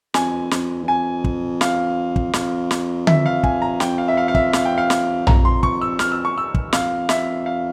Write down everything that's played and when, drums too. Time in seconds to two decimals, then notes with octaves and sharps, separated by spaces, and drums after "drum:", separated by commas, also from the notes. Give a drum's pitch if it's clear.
0.14 F2 G#5, drum: snare
0.51 F2, drum: snare
0.83 E2
0.87 F2 G#5
1.24 drum: kick
1.61 F5, drum: snare
2.16 drum: kick
2.33 F2 F5, drum: snare
2.71 drum: snare
3.07 E5, drum: tom D3
3.26 F5
3.43 G#5, drum: kick
3.62 A#5
3.80 F2 G5, drum: snare
3.98 F5
4.08 E5
4.17 F5
4.28 F5
4.35 E5, drum: kick
4.53 F5, drum: snare
4.65 G5
4.78 F5
4.90 drum: snare
5.27 F2 A#5, drum: tom A#1
5.45 C6
5.63 C#6, drum: kick
5.81 E6
5.99 F6, drum: snare
6.12 E6
6.25 C#6
6.38 E6
6.54 drum: kick
6.73 F2 F5, drum: snare
7.09 E5, drum: snare
7.46 F5